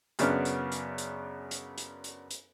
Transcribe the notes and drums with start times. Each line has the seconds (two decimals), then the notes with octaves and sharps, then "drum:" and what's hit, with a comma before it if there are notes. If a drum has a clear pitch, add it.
0.19 F#2 C#3 B3 D4 F6, drum: hi-hat
0.45 drum: hi-hat
0.72 drum: hi-hat
0.98 drum: hi-hat
1.51 drum: hi-hat
1.78 drum: hi-hat
2.04 drum: hi-hat
2.31 drum: hi-hat